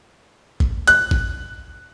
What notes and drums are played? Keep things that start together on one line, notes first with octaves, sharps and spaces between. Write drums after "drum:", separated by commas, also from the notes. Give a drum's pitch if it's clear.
drum: kick G#1
F#6, drum: hi-hat
drum: kick G#1